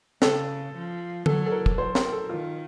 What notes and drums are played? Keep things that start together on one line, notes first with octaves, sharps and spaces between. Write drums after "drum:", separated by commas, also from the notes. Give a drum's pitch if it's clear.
C#3 A4, drum: snare
F3
F#3 A4, drum: tom
A4
A#4
drum: kick
C5
A#4, drum: snare
A4
D#3 F4